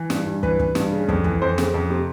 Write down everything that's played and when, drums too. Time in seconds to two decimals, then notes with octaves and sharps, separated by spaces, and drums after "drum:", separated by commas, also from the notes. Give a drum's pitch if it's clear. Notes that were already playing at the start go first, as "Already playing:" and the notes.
Already playing: E3
0.10 G2, drum: snare
0.26 G2
0.43 E3 B4, drum: kick
0.59 E3, drum: kick
0.75 G2, drum: snare
0.92 C#3
1.08 F2, drum: kick
1.24 E3, drum: kick
1.41 F2 C5
1.58 C#3, drum: snare
1.74 F2
1.90 C3